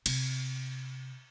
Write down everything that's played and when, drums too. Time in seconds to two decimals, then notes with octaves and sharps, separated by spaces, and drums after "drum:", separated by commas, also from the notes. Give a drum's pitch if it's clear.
0.06 C3, drum: cymbal